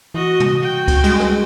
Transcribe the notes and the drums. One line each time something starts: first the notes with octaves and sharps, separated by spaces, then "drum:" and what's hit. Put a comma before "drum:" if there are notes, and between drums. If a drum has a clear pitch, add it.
E3 F#4 D#5
drum: tom
F#4 G5
drum: kick C#2, cymbal
G3 G#3, drum: cymbal
drum: rim click